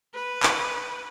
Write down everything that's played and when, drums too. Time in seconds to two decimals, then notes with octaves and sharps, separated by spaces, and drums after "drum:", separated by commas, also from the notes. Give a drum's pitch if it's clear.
0.14 B4
0.43 drum: clap